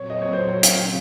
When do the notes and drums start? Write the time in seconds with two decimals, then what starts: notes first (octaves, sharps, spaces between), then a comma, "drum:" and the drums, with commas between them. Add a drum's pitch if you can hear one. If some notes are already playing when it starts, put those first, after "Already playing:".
Already playing: A#2 F#3 C4 C#5
0.10 D#5
0.22 C#5
0.33 C5
0.44 C#5
0.63 C#3 F#3 C4 F5, drum: hi-hat